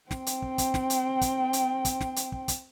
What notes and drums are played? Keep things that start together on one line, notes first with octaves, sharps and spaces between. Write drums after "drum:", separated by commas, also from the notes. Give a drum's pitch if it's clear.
C4 G5, drum: snare
drum: hi-hat
drum: kick
drum: kick, hi-hat
drum: snare
drum: hi-hat
drum: kick, hi-hat
drum: hi-hat
drum: kick, hi-hat
drum: snare
drum: hi-hat
drum: kick
drum: kick, hi-hat